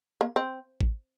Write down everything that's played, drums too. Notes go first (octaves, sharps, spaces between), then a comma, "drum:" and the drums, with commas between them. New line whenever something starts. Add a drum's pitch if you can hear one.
A#3
C4
drum: kick